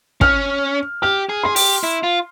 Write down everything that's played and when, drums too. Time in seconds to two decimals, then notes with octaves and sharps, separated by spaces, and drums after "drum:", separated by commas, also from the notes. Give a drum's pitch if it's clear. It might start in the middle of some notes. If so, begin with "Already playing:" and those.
0.21 C#4 F6, drum: kick
1.02 G4 F6
1.29 G#4
1.43 G#4 C6
1.56 G4, drum: open hi-hat
1.83 E4
2.03 F4